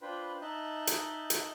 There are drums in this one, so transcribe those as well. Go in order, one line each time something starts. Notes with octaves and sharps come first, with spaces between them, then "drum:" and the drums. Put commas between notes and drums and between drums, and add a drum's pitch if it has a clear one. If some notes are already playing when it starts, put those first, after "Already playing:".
D4 F4 B4 C5 G5 B5
D#4 D#5 E5 A5 F#6 G6
drum: hi-hat
drum: hi-hat